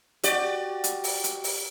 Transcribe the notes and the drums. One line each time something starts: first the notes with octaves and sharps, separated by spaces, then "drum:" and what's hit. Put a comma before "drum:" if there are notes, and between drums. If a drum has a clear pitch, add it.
F#4 G4 D5, drum: hi-hat
drum: hi-hat
drum: open hi-hat
drum: hi-hat
drum: open hi-hat